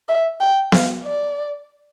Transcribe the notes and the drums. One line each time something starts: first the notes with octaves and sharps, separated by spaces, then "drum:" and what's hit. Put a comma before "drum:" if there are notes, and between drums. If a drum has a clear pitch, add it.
E5
G5
F5, drum: snare B3
D5